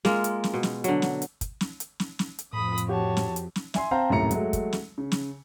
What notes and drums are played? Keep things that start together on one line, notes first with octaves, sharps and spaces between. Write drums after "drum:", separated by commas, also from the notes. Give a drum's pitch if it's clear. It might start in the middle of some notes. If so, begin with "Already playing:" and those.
G#3 A#3 F4, drum: snare
drum: hi-hat
drum: snare
B2
drum: snare
D3 F#3, drum: hi-hat
drum: snare
drum: hi-hat
drum: kick, hi-hat
drum: snare
drum: hi-hat
drum: snare
drum: snare
drum: hi-hat
F2 A2 B5 D#6
drum: hi-hat
F#4 G4 C#5 F#5 A5
drum: snare
drum: hi-hat
drum: snare
E5 G#5 C6, drum: snare
C4 C5 F5 G5 A5 A#5
D#1 F#2 A2 C3 A#5 C#7
F#3 G#3 A3, drum: hi-hat
drum: kick, hi-hat
drum: snare
C#3
drum: snare